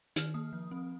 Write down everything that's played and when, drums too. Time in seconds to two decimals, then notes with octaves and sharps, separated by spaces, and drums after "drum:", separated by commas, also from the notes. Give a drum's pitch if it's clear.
0.16 D#3 F6, drum: hi-hat
0.34 A#3 D#6
0.53 F3
0.71 C4